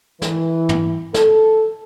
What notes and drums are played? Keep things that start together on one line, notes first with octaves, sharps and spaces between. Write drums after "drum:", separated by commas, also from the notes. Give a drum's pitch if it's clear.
E3, drum: snare
drum: tom
A4, drum: snare